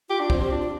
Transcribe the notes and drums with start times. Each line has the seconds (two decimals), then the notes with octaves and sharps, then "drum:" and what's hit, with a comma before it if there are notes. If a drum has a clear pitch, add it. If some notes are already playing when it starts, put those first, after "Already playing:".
0.10 F4 G4
0.20 D4
0.30 C4, drum: kick
0.40 C4 G4
0.51 D4 F4
0.63 F4